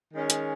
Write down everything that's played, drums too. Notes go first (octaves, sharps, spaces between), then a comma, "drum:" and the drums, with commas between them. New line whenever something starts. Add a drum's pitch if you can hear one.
D#3 G#3 C#4
drum: hi-hat